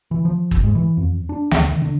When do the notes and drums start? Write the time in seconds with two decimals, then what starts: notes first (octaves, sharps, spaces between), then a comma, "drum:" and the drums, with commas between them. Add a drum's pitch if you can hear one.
0.11 E3
0.25 F3
0.51 F1, drum: kick
0.64 G#2
0.75 E3
0.97 F2
1.29 D4
1.51 D2, drum: snare
1.69 D#3
1.82 D3